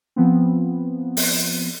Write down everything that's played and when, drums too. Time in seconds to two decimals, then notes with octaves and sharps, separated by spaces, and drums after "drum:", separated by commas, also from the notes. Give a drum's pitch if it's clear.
0.16 F3 B3 C4
1.17 drum: open hi-hat